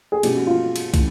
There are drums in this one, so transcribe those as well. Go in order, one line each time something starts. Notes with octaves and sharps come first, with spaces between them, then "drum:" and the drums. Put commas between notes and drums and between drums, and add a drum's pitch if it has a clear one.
G#4
B2 G#3 C#4 G4, drum: cymbal
F#4
F4
drum: cymbal
E3 A3 C#4, drum: kick, cymbal